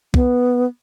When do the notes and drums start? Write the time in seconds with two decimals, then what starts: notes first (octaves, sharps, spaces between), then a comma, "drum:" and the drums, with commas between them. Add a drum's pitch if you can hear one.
0.14 B3, drum: kick